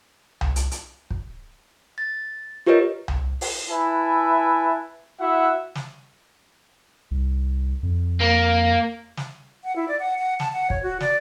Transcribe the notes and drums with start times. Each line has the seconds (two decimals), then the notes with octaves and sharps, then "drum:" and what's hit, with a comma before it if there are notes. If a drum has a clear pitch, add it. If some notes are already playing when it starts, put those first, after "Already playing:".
0.41 drum: tom C2
0.56 drum: hi-hat
0.71 drum: hi-hat
1.10 drum: kick
1.98 A6
2.66 F4 G4 A#4 B4 C#5 D#5
3.08 drum: tom C2
3.41 drum: open hi-hat
3.70 E4 B4 E5 G#5 A5
5.19 E4 F#4 E5 F#5
5.75 drum: snare
7.11 C2
7.83 F2
8.21 A#3
9.17 drum: snare
9.63 F#5
9.76 E4
9.88 D5
10.00 F#5
10.18 F#5
10.40 A5, drum: snare
10.53 F#5
10.70 C#5, drum: kick
10.83 F#4
11.00 D5, drum: snare